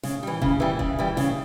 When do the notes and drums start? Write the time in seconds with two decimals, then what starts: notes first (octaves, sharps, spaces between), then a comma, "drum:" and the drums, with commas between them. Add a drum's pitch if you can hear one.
0.03 C#3, drum: snare
0.23 E3 G3
0.42 C#3, drum: kick D#1
0.60 E3 G3
0.79 C#3, drum: kick D#1
0.99 E3 G3
1.17 C#3, drum: snare